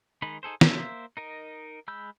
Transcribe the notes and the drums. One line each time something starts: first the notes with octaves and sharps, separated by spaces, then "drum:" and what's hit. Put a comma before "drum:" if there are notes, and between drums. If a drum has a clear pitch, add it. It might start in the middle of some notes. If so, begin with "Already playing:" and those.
D#3 G#3 D#4 B5
D#4 G#4 A4 C5
A#3 C5 E5, drum: snare
D#4 A#4 D#5
G#3 B5 E6 G6